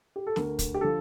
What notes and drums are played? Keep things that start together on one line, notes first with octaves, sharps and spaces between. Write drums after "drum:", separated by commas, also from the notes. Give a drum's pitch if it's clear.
G4
A4
D2 A#4, drum: snare
drum: kick, hi-hat
G4
D3 F3 A4